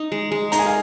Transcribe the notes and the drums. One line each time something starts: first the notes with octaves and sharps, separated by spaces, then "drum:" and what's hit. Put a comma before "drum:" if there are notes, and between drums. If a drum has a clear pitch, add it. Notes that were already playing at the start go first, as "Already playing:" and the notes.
Already playing: D#4
G#3
G#3
D#4 A#5, drum: hi-hat
G#5
F5